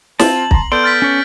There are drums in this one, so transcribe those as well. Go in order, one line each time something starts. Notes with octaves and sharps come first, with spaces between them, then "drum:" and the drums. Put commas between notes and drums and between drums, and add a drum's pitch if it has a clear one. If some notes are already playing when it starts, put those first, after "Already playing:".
C4 F4 A5 F#7, drum: snare
A#5 C6, drum: kick
B3 A4 D5 C6 G6 D7
F6 A6 B6
C#4 C#5